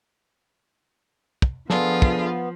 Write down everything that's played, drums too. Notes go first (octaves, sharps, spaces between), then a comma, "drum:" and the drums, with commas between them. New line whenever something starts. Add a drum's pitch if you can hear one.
drum: kick
F3 B3 D4 F4 G#4 A4, drum: snare
drum: kick